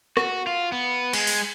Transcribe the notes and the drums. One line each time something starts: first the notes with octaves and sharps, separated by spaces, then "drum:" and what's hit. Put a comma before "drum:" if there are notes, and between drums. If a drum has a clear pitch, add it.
F#4, drum: rim click
F4
B3
G#3, drum: cymbal
drum: open hi-hat